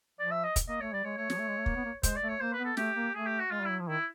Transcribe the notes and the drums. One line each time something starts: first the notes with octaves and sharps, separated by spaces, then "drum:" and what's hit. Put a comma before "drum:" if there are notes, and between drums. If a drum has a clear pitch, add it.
F3 D5
E5
D#5
drum: kick, hi-hat
A#3 D#5
A3 C#5
G3 D5
G#3 C#5
A3 C#5
F3, drum: snare
A3
G#3
A3
A#3, drum: kick
B3
A#3
G#3 C5, drum: kick, hi-hat
D5
A3
C#5
A#3 C5
B4
B3
A4
A3 G4, drum: snare
A#3
A3 G#4
G4
F#4
G#3 F4
G3
E4
F#3
F3
D#3 E4